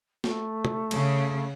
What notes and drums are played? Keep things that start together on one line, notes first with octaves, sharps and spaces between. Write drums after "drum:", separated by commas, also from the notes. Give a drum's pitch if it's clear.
A3, drum: snare
drum: tom
C#3, drum: cymbal